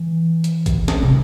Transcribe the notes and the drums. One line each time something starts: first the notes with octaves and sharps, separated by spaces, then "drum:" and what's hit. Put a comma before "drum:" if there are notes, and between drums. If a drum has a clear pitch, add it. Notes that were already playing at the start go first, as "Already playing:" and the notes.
Already playing: E3
drum: hi-hat
drum: kick, hi-hat
drum: snare
C3